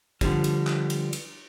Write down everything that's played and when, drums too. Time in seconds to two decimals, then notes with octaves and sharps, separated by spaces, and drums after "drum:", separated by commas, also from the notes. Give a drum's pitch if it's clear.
0.21 D3 F3 G3, drum: kick, cymbal
0.44 drum: cymbal
0.67 drum: clap
0.90 drum: cymbal
1.13 drum: cymbal